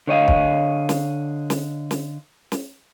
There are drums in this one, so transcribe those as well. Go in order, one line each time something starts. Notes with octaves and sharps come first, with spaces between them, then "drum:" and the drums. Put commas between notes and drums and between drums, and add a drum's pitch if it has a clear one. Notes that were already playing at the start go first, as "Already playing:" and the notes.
D3 C#5 D#5 F5
drum: kick
drum: snare
drum: snare
drum: snare
drum: snare